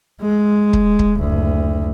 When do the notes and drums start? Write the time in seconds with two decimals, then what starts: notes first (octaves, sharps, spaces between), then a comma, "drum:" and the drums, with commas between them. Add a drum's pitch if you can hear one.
0.22 G#3
0.73 drum: kick
0.99 drum: kick
1.19 F#1 D2